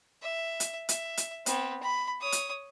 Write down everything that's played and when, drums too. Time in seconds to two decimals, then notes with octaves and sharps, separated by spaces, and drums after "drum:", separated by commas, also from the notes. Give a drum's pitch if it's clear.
0.22 E5
0.60 drum: hi-hat
0.89 E5, drum: hi-hat
1.17 drum: hi-hat
1.46 B3 C4, drum: hi-hat
1.83 B5
2.20 C#5 D#6
2.32 drum: hi-hat